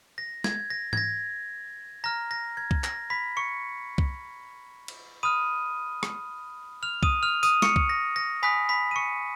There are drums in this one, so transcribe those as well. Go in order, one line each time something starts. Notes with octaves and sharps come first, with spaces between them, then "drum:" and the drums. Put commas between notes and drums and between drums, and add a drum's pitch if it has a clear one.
A#6
G#6, drum: snare
A#6
G#6, drum: tom G#2
A#6
A#5 F6 A#6
A#6
G#6
drum: kick C2
A#6, drum: clap
B5 B6
C#6 C#7
drum: kick C2
drum: cymbal
B5 D#6 F6 D#7
drum: rim click
F6 F7
D#6 D#7, drum: kick C2
F6 F7
D#6 D#7, drum: tambourine
C#6 C#7, drum: snare
drum: kick C2
A#6
A#6
G#5 B5 D#6 F#6 B6
B5 B6
D#7
C#6 C#7